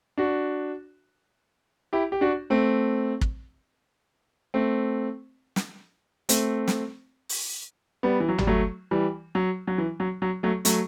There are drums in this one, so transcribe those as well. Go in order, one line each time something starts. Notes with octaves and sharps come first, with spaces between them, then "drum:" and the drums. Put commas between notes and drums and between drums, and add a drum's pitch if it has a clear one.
D4 F#4
E4 G4
G4
D4 F#4
A3 C4
drum: kick
A3 C4
drum: snare
A3 C4, drum: hi-hat
drum: snare
drum: open hi-hat
G3 B3
E3
F#3
G3, drum: tom
F#3 A3
E3 G3
F#3
F#3
E3
F#3
F#3
F#3 A3
F#3 A3, drum: hi-hat